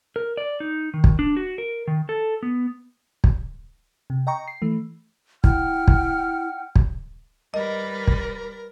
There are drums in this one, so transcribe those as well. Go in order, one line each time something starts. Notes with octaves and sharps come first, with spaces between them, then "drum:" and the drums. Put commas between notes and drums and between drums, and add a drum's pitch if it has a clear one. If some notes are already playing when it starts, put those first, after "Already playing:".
A#4
D5
D#4
D#3
drum: kick
D4
F#4
A#4
D#3
A4
B3
drum: kick
C3
D#5 G5 A#5 C#6
C7
E3 A3
E4 F#5 G5 F6, drum: kick
drum: kick
drum: kick
G3 A#4 B4 D#5
drum: kick